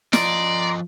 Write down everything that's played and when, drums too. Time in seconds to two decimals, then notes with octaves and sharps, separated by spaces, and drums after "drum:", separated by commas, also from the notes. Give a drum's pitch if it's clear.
0.13 F3 D5 D#5 A#5 C6, drum: snare